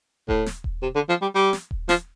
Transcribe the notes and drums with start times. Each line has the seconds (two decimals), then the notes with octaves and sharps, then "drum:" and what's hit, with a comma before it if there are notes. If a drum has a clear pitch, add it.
0.28 A2, drum: kick D#1
0.46 drum: snare
0.64 drum: kick D#1
0.82 C3
0.95 D3
1.09 F3
1.22 G3
1.35 G3
1.53 drum: snare
1.71 drum: kick D#1
1.89 F3, drum: snare